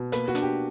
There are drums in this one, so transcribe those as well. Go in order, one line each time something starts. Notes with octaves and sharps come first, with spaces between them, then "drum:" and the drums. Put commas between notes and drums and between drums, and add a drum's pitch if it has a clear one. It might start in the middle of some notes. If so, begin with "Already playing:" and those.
Already playing: B2
A#3 B4, drum: hi-hat
F#4
D4, drum: hi-hat
G4